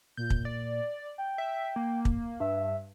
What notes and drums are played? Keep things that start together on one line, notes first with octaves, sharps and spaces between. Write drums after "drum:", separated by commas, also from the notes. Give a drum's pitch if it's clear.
A#2 G6
drum: kick
D5
G5
E5
A#3
drum: kick
G2 E5